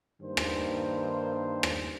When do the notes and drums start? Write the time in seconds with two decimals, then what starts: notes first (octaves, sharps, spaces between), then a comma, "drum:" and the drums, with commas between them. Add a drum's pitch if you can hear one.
0.21 G2 D#3 A#3 C5
0.37 drum: rim click
1.63 drum: rim click